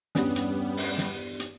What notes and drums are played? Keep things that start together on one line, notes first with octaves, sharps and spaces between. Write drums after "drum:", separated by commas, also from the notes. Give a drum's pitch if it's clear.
E2 G2 G3 B3 C#4, drum: snare
drum: hi-hat
drum: open hi-hat
drum: snare
drum: hi-hat